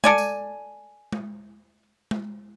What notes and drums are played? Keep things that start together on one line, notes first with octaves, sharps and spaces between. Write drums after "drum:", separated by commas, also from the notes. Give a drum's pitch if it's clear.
A4 D5 G#5, drum: tom G#3
drum: tambourine
drum: tom G#3
drum: tom G#3